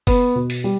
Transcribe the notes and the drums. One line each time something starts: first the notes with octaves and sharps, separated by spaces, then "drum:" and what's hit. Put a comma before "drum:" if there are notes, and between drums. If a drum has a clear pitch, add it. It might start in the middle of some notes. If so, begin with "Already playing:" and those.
B3, drum: kick F#1, open hi-hat
B2
drum: open hi-hat
G3